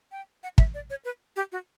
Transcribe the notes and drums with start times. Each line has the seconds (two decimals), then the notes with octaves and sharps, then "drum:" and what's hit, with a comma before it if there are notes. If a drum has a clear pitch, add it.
0.12 G5
0.43 F#5
0.58 E5, drum: kick
0.74 D5
0.90 C#5
1.05 B4
1.36 G4
1.52 F#4